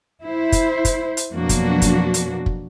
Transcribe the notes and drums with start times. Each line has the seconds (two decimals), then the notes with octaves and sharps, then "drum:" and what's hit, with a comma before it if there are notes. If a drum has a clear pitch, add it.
0.23 E4 C5
0.52 drum: kick, hi-hat
0.85 drum: kick, hi-hat
1.17 drum: hi-hat
1.33 F2 B2 F#3 A#3 D4 F#4
1.49 drum: kick, hi-hat
1.82 drum: kick, hi-hat
2.14 drum: hi-hat
2.46 drum: kick